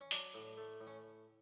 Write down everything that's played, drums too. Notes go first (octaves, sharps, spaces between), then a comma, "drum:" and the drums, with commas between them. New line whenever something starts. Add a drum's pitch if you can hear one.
C#4
F#3 D4, drum: open hi-hat
A2
A3
A2
C#4